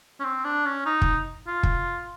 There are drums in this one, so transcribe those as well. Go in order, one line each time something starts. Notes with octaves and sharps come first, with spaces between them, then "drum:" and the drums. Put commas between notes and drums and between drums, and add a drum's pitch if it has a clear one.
C#4
C4
D4
C#4
D#4
drum: kick
F4
drum: kick